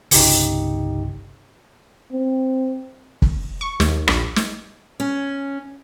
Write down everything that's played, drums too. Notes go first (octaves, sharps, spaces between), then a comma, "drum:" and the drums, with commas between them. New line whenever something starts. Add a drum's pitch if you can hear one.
G1 C2 C#3 D#4 G4 C#7, drum: open hi-hat
C4
drum: kick
C#6
D#2, drum: snare
A#1, drum: rim click
drum: snare
C#4